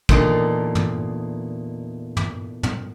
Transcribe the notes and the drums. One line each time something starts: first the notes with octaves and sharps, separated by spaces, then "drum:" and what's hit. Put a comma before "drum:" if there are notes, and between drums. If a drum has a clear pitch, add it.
E2 A#2 D3 A#3 D4 D#4, drum: kick
drum: tom
drum: tom
drum: tom